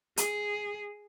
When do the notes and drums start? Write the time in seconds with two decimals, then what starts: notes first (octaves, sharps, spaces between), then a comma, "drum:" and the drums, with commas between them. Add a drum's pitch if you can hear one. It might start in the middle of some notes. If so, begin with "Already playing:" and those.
0.17 G#4, drum: hi-hat